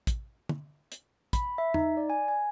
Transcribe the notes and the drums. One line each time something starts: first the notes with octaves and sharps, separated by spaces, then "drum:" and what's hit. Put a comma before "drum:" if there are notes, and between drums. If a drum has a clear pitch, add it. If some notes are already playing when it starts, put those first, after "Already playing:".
drum: kick, hi-hat
drum: tom
drum: hi-hat
B5, drum: kick, hi-hat
E5
D#4, drum: tom
D5
G#5
G#5